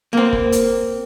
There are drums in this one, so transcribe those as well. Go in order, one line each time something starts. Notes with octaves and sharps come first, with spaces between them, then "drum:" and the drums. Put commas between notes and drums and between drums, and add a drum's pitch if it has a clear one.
A#3 C4
drum: kick
drum: hi-hat